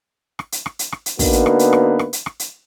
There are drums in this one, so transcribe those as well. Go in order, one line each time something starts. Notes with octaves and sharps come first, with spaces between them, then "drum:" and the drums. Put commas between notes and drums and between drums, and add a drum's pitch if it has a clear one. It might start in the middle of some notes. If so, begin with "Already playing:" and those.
drum: rim click
drum: hi-hat
drum: rim click
drum: hi-hat
drum: rim click
drum: hi-hat
D3 A#3 B3 D#4 F#4 B4, drum: kick, open hi-hat
drum: hi-hat
drum: rim click
drum: hi-hat
drum: rim click
drum: rim click
drum: hi-hat
drum: rim click
drum: hi-hat